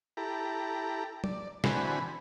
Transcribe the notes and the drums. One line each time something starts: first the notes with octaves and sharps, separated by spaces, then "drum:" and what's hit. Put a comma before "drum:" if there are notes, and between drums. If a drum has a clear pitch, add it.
E4 G4 A4 A#5
D5, drum: tom
D3 E3 C4 F#4 G#5 B5, drum: snare